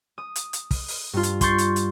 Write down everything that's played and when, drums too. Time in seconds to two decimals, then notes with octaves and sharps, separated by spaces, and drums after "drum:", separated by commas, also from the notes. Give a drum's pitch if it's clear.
0.18 D#6
0.36 drum: hi-hat
0.53 drum: hi-hat
0.71 drum: kick, open hi-hat
0.88 drum: open hi-hat
1.13 G2 F4
1.23 drum: hi-hat
1.41 C6 C#6 G6 A6 C7, drum: kick, hi-hat
1.58 drum: hi-hat
1.76 drum: hi-hat